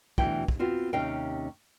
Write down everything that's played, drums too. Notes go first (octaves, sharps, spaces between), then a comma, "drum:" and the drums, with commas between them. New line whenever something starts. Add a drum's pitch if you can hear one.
D2 B2 E3 E4 G5, drum: kick
drum: kick
B3 C4 F4 F#4
D#2 C3 C#4 D#4 F5 G5